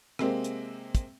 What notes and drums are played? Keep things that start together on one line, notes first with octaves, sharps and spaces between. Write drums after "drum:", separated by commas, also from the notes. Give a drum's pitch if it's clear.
C3 G#3 A#3 C4, drum: rim click
drum: hi-hat
drum: kick, hi-hat